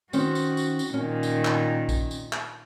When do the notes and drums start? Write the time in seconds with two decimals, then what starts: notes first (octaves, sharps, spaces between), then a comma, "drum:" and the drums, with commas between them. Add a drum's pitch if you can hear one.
0.13 D#3 C#4 F#4 C5, drum: tambourine
0.35 drum: tambourine
0.57 drum: tambourine
0.79 drum: tambourine
0.94 A#2 D#3 C#4
1.23 drum: tambourine
1.45 drum: clap
1.89 drum: kick A#1, tambourine
2.11 drum: tambourine
2.33 drum: clap